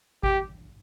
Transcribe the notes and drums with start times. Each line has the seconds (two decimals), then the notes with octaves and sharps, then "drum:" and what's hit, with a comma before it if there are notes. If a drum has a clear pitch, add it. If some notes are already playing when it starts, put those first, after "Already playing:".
0.23 G4, drum: kick G#1